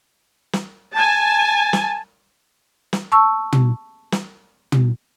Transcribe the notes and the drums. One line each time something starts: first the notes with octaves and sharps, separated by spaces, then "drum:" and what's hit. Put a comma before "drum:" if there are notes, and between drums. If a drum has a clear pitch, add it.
drum: snare
G#5 A5
drum: snare
drum: snare
A5 C#6 E6
drum: tom
drum: snare
drum: tom